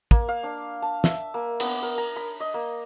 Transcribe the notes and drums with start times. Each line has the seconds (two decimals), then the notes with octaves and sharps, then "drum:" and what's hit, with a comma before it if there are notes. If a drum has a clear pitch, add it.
0.11 A#3, drum: kick
0.29 F5
0.43 D4
0.82 A5
1.04 E5, drum: snare
1.34 A#3
1.60 B3, drum: cymbal
1.83 A#4
1.98 A#5
2.16 B5
2.40 D#5
2.54 A#3